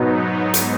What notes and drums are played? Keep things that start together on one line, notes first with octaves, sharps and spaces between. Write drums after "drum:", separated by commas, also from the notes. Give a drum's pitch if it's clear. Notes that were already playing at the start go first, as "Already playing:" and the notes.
Already playing: G#2 B2 F#3 B3 D#4
drum: hi-hat